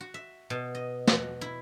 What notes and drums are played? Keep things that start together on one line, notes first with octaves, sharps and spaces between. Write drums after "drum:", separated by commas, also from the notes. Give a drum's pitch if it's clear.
F#4
E5
B2
D#5
F#4, drum: snare
E4